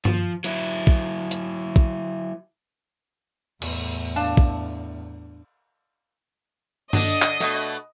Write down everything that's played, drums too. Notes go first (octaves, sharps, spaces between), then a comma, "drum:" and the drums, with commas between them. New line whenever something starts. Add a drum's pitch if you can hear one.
F3, drum: tom G2
F#3 E4, drum: hi-hat
drum: kick
drum: hi-hat
drum: kick
E2 A2, drum: cymbal
D4 F5 A5
drum: kick
D3 D4 D#5, drum: tom G2
drum: clap
B2 A3, drum: open hi-hat